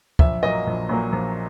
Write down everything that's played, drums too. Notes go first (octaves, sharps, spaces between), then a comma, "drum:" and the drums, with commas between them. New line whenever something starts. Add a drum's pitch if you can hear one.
A#1 E5, drum: kick
A#2 F#3 A#3 D#5
A#1
A#2 F#3 A#3
A#1